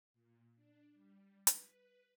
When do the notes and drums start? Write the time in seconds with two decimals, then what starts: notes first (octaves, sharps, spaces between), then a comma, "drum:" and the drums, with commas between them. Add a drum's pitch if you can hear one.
0.14 A#2
0.55 D4
0.93 G3
1.47 B4, drum: hi-hat